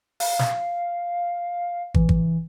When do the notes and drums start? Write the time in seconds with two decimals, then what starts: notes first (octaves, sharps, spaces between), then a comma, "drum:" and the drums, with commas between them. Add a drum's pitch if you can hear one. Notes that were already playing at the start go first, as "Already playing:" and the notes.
0.20 F5, drum: open hi-hat
0.39 drum: snare
1.94 E3, drum: kick
2.09 drum: kick